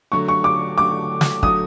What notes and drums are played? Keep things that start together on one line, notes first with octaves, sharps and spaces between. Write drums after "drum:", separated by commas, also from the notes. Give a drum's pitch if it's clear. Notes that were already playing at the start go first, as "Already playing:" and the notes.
D3 F#3 A3 C#6
C#6
D6
D3 F#3 A3 D6
drum: snare
D3 F#3 A3 D#6, drum: kick